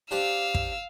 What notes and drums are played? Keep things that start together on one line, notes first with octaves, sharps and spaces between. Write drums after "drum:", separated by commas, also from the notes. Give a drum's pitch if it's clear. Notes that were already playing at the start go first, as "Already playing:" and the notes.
D4 G4 C5 F5 E6
drum: kick